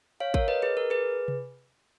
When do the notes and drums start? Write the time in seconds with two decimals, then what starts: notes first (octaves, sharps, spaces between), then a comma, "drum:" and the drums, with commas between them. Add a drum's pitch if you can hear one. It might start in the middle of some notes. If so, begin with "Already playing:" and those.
0.20 C#5 F5
0.34 A#4 C#5, drum: kick G#1
0.48 B4 D#5
0.62 G#4 B4
0.77 A#4
0.90 G#4 B4
1.28 drum: tom C3